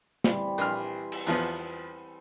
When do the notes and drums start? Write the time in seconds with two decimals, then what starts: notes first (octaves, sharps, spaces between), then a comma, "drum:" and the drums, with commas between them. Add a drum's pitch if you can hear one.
0.24 E3 G3 C4, drum: snare
0.58 A#1 B4 C5 G#5 F6, drum: tambourine
1.12 drum: cymbal
1.27 E2 F3 B3 G#5, drum: hi-hat